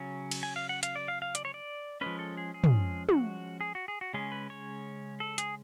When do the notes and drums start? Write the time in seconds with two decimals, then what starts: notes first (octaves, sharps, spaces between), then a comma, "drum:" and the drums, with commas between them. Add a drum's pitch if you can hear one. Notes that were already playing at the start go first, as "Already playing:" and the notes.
Already playing: C#3 F#3 C#4
0.31 drum: cymbal
0.43 G#5
0.56 F5
0.69 F#5
0.83 F5, drum: hi-hat
0.96 D5
1.08 F5
1.22 F5
1.35 D5, drum: hi-hat
1.45 C#5
1.54 D5
2.01 F3 G#3 C#4 B4
2.19 A4
2.37 G#4
2.54 G#4
2.64 drum: tom
3.09 F#4, drum: tom
3.61 G#4
3.75 F#4
3.88 G#4
4.01 F#4
4.14 C#3 G#3 C#4 G#4
4.32 B4
4.50 C#5
5.20 A4
5.38 G#4, drum: hi-hat